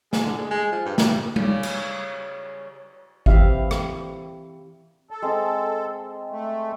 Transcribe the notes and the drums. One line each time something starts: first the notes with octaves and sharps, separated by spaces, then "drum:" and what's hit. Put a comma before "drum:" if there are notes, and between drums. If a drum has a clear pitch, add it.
G#3, drum: snare
D3
G#3
G#3
F3
G2
G2, drum: snare
C#3 G3, drum: tom G3
drum: cymbal
E3 C4 E4 G4 E5 F5, drum: kick G#1
drum: rim click
A4
G#3 C4
A3